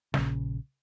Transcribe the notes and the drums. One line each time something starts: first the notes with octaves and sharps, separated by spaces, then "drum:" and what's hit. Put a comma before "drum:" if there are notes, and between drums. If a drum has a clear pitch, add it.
A#1 C#3, drum: snare